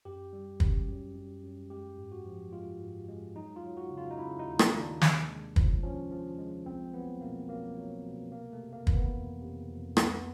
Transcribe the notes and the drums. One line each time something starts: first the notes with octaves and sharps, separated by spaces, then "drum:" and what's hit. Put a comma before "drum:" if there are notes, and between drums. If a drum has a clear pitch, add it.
F#2 G4
G3
F#2, drum: kick
F#2
F#2
F#2
G#3 G4
G#2
F#4
F3
G#3 F4
G#2
G#3
F#3 D#4
F4
F#3
F#4
C#3
F4
D#4
C#3 E4
D#4
D#2
D4, drum: rim click
D#2
D4
C3, drum: snare
G#3
F3, drum: kick
F3 C#4
F3
G#3
C2 C4
F#3 B3
B2 A#3
F#3 A#3
F#3
B2
C3 A#3
A3
C3
A#3
E3, drum: kick
B3
F2
C3
F2
C2 B3, drum: rim click